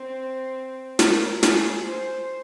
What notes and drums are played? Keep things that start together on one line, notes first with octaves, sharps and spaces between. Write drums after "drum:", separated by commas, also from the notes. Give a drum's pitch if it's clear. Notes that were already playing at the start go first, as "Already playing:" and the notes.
Already playing: C4
A#4, drum: snare
G#4, drum: snare
C5